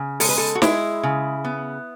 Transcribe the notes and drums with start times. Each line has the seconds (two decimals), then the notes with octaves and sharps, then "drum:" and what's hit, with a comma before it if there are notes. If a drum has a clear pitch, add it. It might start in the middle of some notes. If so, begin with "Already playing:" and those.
Already playing: C#3
0.20 G#3 A4, drum: open hi-hat
0.29 B4
0.38 A4
0.55 F#4
0.62 G#3 E4, drum: snare
1.03 C#3
1.45 B3